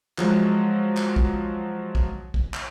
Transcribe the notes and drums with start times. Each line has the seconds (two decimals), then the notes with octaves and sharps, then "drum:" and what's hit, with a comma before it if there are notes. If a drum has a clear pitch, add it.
0.18 F3 F#3 G#3 A#5, drum: clap
0.97 drum: clap
1.16 drum: kick
1.95 drum: kick
2.34 drum: kick
2.54 drum: clap